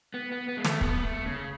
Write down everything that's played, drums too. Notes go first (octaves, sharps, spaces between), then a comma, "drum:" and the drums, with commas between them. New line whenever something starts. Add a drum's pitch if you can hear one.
B3
B3
B3
G#3
A3, drum: snare
B3, drum: kick
A3
C#3